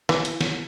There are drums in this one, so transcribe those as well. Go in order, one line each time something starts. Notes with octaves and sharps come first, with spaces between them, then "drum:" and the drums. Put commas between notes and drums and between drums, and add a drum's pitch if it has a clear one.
E3, drum: snare
drum: hi-hat
drum: snare